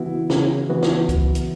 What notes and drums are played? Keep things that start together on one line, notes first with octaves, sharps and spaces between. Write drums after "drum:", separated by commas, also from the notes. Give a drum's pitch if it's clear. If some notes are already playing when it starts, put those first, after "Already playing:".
Already playing: C#3 E3 B3 E4 F#4
C#3, drum: snare
E3 B3 F#4
drum: snare
drum: kick, hi-hat
drum: hi-hat